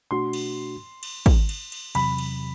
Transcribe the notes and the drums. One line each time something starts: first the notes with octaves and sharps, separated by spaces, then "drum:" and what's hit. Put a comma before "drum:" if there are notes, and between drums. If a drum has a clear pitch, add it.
B2 A3 D4 F#4 C6
drum: cymbal
drum: cymbal
drum: kick, cymbal
drum: cymbal
drum: cymbal
E2 C3 F#3 B5, drum: cymbal
drum: cymbal